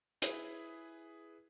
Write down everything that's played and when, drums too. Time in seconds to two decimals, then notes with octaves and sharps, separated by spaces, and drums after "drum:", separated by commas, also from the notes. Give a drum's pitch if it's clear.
0.22 E4 G#4 B4, drum: hi-hat